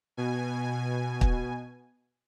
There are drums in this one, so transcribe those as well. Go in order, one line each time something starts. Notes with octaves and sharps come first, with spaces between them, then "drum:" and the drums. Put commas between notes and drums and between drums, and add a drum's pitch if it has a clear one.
B2 G#5
drum: kick